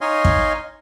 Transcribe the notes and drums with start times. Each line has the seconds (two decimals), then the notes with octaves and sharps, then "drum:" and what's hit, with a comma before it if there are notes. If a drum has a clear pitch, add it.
0.01 D#4 C#5 D#5 F5 G#5 C6
0.25 drum: kick